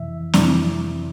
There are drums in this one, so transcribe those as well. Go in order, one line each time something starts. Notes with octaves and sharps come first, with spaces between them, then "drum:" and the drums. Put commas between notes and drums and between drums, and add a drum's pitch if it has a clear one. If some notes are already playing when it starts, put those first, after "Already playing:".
Already playing: F2 C3 E3 E5
F2 C3 E3 D5, drum: snare